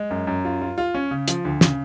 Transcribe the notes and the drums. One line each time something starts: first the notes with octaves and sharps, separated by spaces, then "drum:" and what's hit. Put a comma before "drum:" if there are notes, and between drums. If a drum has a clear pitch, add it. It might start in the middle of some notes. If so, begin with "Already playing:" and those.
Already playing: G#3
F#2
F#2
F4
F4
F4
C#4
C#3
F3, drum: hi-hat
D2
C#3, drum: snare